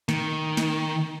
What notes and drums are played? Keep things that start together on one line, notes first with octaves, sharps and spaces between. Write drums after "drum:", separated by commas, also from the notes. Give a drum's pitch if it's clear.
D#3, drum: snare
drum: snare